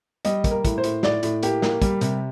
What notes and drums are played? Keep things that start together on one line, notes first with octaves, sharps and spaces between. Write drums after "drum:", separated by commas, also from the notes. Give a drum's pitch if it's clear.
G3 D#5, drum: hi-hat
A#3, drum: kick, hi-hat
A#4
A2, drum: kick, hi-hat
C5
A2, drum: hi-hat
A2 D5, drum: snare
A2, drum: hi-hat
A#3 G4, drum: hi-hat
A#3, drum: snare
G3, drum: kick, hi-hat
C3, drum: hi-hat